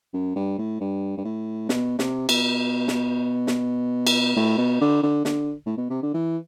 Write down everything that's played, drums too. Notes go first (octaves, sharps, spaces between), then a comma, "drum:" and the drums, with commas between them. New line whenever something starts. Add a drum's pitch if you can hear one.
F#2
G2
A2
G2
G2
A2
B2, drum: snare
C3, drum: snare
B2, drum: cymbal
drum: snare
drum: snare
drum: cymbal
A2
B2
D3
D3
D3, drum: snare
A2
B2
C3
D3
E3